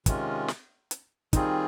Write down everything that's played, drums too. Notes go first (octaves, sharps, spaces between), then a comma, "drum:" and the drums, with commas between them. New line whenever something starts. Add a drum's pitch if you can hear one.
C3 D#3 G#3 C#4 F4, drum: kick, hi-hat
drum: snare
drum: hi-hat
D#3 G3 C4 D#4 F4 G#4, drum: kick, hi-hat